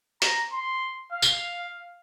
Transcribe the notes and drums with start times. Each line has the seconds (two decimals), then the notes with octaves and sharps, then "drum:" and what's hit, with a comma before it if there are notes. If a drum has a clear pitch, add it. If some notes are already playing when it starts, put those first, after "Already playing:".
0.22 A#5, drum: hi-hat
0.53 C6
1.12 F5
1.22 drum: tambourine